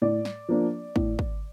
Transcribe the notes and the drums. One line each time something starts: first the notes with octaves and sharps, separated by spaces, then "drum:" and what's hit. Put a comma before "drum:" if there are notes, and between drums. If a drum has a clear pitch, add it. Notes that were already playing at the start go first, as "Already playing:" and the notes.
A2 D5
drum: snare
F3 A#3 D4
A2, drum: kick
drum: kick